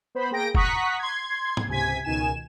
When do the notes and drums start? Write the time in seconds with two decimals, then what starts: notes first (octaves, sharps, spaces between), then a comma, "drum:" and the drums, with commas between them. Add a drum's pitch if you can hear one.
0.15 B3 C5 B5
0.31 A#3 G#4 G5 A#6 D7
0.55 F#5 A#5 C#6 D#6 F#6 B6, drum: kick
0.99 C6 G#6
1.57 drum: tom
1.68 C#2 C3 G#5 G#6 B6
2.05 C#2 B2 D#3 G#5 E7